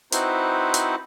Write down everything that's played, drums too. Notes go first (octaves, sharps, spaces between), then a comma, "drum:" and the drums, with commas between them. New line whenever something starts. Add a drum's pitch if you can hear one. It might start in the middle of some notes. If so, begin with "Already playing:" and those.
C4 D#4 E4 F#4 B4 C5, drum: hi-hat
drum: hi-hat